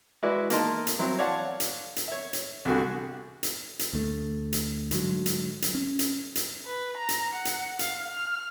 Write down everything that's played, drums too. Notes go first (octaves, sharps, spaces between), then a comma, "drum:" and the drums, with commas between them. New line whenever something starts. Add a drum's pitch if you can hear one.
G#3 E4 F#4 B4 D5
A#3 D#4 A#4 D#5 A5 C6, drum: hi-hat
drum: hi-hat
F#3 C4 E4
C#5 D5 F5 F#5 A5
drum: hi-hat
drum: hi-hat
C#5 E5
drum: hi-hat
C2 D3 G3 F#4 G#4
drum: hi-hat
drum: hi-hat
D2 A3
drum: hi-hat
G#2 D3 F#3, drum: hi-hat
drum: hi-hat
drum: hi-hat
C#4
drum: hi-hat
drum: hi-hat
B4
A#5
drum: hi-hat
F#5
drum: hi-hat
F5, drum: hi-hat
F6